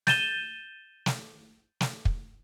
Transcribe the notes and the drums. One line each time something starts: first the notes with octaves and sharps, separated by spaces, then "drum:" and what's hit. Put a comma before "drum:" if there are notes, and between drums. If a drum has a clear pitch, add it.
G6 A6 D#7 E7 G7, drum: snare
drum: snare
drum: snare
drum: kick